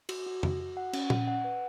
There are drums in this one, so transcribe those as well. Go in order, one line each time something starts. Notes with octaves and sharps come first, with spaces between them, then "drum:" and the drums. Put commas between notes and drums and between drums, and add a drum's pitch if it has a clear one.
F#4, drum: cymbal
F#4
F#4, drum: tom F2
F#4
F#5
C#4, drum: cymbal
F#5, drum: tom A#2
F#5
B4